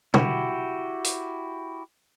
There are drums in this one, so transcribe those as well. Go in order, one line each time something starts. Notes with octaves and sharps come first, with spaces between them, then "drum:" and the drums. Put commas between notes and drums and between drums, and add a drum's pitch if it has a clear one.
E4 F#4 G4, drum: tom
drum: hi-hat